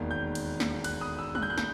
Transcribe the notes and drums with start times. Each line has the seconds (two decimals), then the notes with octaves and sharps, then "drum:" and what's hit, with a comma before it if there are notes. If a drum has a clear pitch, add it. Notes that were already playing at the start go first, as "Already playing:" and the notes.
Already playing: E1 D#2 D#3
0.11 G6
0.35 drum: cymbal
0.60 drum: snare
0.84 F#6, drum: cymbal
1.01 D#6
1.18 E6
1.35 F#6, drum: tom G3
1.42 G6
1.50 F#6
1.58 G6, drum: snare